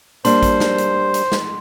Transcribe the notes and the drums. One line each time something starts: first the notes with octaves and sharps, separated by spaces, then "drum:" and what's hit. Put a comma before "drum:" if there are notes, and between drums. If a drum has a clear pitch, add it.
G3 A#3 D4 C5 C6, drum: hi-hat
drum: kick, hi-hat
drum: snare
drum: hi-hat
drum: hi-hat
drum: snare